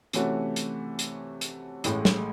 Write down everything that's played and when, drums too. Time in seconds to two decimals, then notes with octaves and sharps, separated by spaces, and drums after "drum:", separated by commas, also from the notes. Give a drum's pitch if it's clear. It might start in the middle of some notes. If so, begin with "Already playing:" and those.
0.13 C3 E3 A3 C#4 F#4, drum: hi-hat
0.56 drum: hi-hat
0.99 drum: hi-hat
1.41 drum: hi-hat
1.84 A1 A2 G#3, drum: hi-hat
2.05 drum: snare